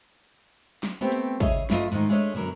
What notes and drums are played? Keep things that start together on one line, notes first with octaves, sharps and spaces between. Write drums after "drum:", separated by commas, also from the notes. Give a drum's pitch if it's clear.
drum: snare
A3 B3 C4 G4 G5
drum: hi-hat
C#3 G#4 C#5 D#5 E5, drum: kick, hi-hat
G2 A3 A#3 F4 D#5, drum: snare
G#2 D#3 A3 D#4
G#3 A3 D4 C#5 D#5
F#2 B2 D3 F#3 A#4